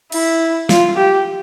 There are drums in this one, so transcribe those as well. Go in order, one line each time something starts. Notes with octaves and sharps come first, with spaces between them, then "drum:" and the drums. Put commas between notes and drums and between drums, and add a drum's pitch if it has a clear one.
E4, drum: cymbal
F4, drum: snare
G4